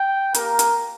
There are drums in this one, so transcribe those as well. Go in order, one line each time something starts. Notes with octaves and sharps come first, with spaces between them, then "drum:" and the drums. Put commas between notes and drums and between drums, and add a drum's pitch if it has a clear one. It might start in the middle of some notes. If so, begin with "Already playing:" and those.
Already playing: G5
A#3 G4 A#4, drum: hi-hat
drum: hi-hat